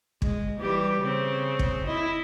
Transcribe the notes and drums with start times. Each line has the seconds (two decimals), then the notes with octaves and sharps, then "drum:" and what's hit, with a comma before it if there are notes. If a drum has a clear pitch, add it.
0.22 G#3, drum: kick
0.59 E3 G3 G4
1.01 C#3 C4
1.59 drum: kick
1.85 E4 D#5